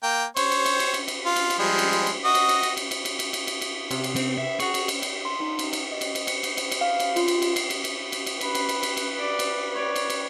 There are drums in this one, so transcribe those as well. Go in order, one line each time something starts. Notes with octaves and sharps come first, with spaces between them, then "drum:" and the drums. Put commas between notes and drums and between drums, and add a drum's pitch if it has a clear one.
A#3 G5
C5 C#5, drum: cymbal
drum: cymbal
drum: cymbal
drum: cymbal
drum: cymbal
drum: cymbal
F4
drum: cymbal
drum: cymbal
F3 G3 G#3
drum: cymbal
drum: cymbal
drum: cymbal
F#4 D#5
drum: cymbal
drum: cymbal
drum: cymbal
drum: cymbal
drum: cymbal
drum: cymbal
drum: cymbal
drum: cymbal
drum: cymbal
drum: cymbal
C3, drum: cymbal
drum: cymbal
C4 C5, drum: cymbal
E5
F#4 G#4 C#6, drum: cymbal
drum: cymbal
drum: cymbal
drum: cymbal
C6
D#4
drum: cymbal
drum: cymbal
D#5
drum: cymbal
drum: cymbal
C#7, drum: cymbal
drum: cymbal
drum: cymbal
drum: cymbal
F5
drum: cymbal
F4, drum: cymbal
drum: cymbal
drum: cymbal
C7, drum: cymbal
drum: cymbal
drum: cymbal
drum: cymbal
drum: cymbal
B4 B5, drum: cymbal
drum: cymbal
drum: cymbal
drum: cymbal
drum: cymbal
D5
drum: cymbal
C#5 D5
drum: cymbal
drum: cymbal